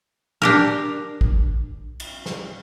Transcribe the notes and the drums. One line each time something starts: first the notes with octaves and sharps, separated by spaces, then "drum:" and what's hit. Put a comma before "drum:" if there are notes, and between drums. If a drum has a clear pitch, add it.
D4 G4 A#4
drum: kick A1
drum: cymbal
drum: snare